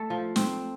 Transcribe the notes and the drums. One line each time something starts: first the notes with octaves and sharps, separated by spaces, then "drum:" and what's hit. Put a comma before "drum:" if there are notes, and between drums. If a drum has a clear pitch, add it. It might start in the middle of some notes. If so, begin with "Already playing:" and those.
Already playing: A3 A4
F3
C4, drum: snare